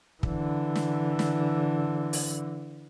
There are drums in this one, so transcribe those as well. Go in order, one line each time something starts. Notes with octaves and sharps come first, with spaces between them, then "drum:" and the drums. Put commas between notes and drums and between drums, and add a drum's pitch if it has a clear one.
D3 E3, drum: kick
drum: snare
drum: snare
drum: open hi-hat